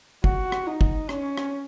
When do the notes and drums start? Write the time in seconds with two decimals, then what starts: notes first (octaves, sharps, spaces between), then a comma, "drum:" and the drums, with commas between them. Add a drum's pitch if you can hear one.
0.24 F#4, drum: kick
0.52 drum: rim click
0.67 D#4
0.81 drum: kick
1.09 C#4, drum: rim click
1.37 drum: rim click